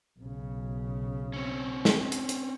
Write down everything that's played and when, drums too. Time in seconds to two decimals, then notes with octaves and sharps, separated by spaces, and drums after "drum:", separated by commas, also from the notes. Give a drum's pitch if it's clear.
0.20 B1 C#3
1.33 C4 C#4
1.85 drum: snare
2.12 drum: hi-hat
2.29 drum: hi-hat